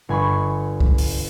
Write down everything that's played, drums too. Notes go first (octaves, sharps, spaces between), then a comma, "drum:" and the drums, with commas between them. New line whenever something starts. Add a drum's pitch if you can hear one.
G1 G#5 B5 C#6
drum: kick
drum: open hi-hat